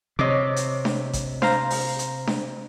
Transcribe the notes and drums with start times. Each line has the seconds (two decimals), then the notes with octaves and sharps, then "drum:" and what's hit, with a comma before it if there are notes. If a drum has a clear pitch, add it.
0.19 C3 C#5 D#5 D6
0.56 drum: hi-hat
0.85 drum: snare D4
1.13 drum: kick A1, hi-hat
1.42 C5 F5 A#5, drum: snare D4
1.70 drum: open hi-hat
1.99 drum: hi-hat
2.27 drum: snare D4